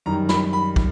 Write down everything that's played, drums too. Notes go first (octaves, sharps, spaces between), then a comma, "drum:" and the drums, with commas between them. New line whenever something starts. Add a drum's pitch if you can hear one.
F#2 D#3 G3 A#5
B5, drum: snare
B5
drum: kick